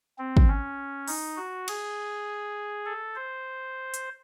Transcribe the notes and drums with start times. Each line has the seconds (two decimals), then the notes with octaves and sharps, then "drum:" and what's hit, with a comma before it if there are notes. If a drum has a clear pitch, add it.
0.19 C4
0.37 drum: kick
0.48 C#4
1.08 D#4, drum: open hi-hat
1.37 F#4
1.68 G#4, drum: cymbal
2.86 A4
3.15 C5
3.94 drum: hi-hat